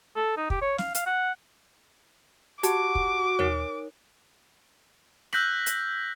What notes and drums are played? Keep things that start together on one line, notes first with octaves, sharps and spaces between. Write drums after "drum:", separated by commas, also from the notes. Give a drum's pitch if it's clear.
A4
D#4
G4, drum: kick
C#5
F5, drum: snare
F5, drum: hi-hat
F#5
F#4 G4 A5 D6, drum: hi-hat
drum: kick
D#4 A#4 C#5, drum: tom D#2
E6 F#6 G6 A#6 B6 F#7, drum: rim click
drum: hi-hat